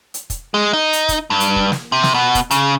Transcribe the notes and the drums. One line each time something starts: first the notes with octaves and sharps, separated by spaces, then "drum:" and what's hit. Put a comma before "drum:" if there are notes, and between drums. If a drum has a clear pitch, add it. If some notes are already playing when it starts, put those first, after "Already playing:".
drum: hi-hat
drum: kick, hi-hat
G#3
D#4
drum: hi-hat
drum: kick, hi-hat
G2
drum: hi-hat
drum: kick
drum: snare
C3
drum: snare
B2
drum: kick, hi-hat
C#3, drum: hi-hat